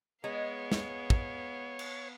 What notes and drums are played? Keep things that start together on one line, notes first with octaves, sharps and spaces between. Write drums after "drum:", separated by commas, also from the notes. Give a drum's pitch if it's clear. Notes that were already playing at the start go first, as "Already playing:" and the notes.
G#3 B3 C#5 F5
drum: snare
drum: kick
drum: cymbal